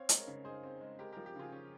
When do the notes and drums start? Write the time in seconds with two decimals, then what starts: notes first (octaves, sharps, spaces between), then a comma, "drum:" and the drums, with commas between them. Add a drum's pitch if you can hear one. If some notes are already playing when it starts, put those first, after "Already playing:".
Already playing: C4 C#5 F5
0.09 G#3, drum: hi-hat
0.17 A#4 C#5
0.27 C#3
0.45 D#4 G#4 C5
0.64 C4
0.81 G#3
0.99 G#3 G4 A#4
1.12 F3 G4 A#4
1.26 G4
1.36 C#3 F4 G#4
1.52 C#4